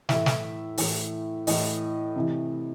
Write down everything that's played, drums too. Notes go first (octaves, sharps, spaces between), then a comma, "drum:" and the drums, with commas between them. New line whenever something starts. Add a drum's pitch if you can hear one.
A2 E3 E5, drum: snare
drum: snare
A2 E3, drum: open hi-hat
A2 E3 D#5, drum: open hi-hat
C3 E3